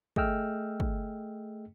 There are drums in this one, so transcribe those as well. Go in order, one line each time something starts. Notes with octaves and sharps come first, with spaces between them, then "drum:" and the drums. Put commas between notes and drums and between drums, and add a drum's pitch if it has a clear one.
A3 G#4 D#5 G5 E6 F6, drum: kick
drum: kick